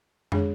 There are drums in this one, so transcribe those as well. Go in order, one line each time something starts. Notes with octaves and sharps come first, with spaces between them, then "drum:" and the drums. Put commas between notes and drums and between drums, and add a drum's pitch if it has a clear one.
G#3 D4 G#4 C#5, drum: tom